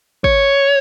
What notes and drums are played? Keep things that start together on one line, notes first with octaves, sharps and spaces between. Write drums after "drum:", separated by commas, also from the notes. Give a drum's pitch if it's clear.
C#5, drum: kick